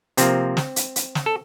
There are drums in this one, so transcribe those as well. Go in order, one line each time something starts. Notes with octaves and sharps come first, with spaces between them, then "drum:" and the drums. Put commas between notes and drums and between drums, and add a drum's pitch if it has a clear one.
C3 F3 A#3 C4, drum: hi-hat
drum: snare
drum: hi-hat
drum: hi-hat
drum: snare
A4